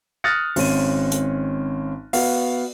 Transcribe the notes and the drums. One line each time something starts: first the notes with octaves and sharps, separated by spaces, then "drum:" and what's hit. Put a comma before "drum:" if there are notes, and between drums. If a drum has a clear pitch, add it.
D#6 F6 F#6 A6 A#6 C#7
G#1 C4 C#4 D#7, drum: open hi-hat
drum: hi-hat
B3 F#4 F5, drum: open hi-hat